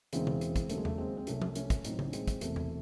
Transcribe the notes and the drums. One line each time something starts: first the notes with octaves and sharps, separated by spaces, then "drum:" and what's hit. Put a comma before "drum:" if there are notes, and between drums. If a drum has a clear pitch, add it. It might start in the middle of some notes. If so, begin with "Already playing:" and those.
E1 E2 C#3 E3 G#3 C4, drum: hi-hat
drum: tom C#3
drum: hi-hat
drum: kick, hi-hat
D#2 C#3 F#3 A3, drum: hi-hat
G#3
A3, drum: tom E2
G#3 C4
C4
C2 C3 F#3 A3 C#4, drum: hi-hat
drum: tom F3
A3 C#4, drum: hi-hat
drum: kick, hi-hat
A1 A2 F#3 C4 D#4, drum: hi-hat
drum: tom C#3
C#4
G#3 C4, drum: hi-hat
drum: kick, hi-hat
E1 E2 C3 A3, drum: hi-hat
drum: tom E2